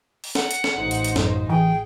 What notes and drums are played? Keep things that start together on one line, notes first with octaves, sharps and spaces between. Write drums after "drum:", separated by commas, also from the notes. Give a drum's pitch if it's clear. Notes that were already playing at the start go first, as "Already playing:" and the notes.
drum: open hi-hat
F#5, drum: snare
drum: hi-hat
drum: snare
A1 D#4 C5
drum: hi-hat
drum: hi-hat
F#2, drum: snare
E3 G#4 G5